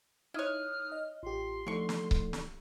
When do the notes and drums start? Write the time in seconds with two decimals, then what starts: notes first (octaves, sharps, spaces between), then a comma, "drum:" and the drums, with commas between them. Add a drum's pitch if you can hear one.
0.34 D#4 E4 C#5 D#6 F6 F#6
0.92 D#5
1.23 A1 F4 G4 C6
1.67 D3 F3 A3 D#4 A4 C#6
1.89 drum: snare
2.11 drum: kick C#1
2.33 drum: snare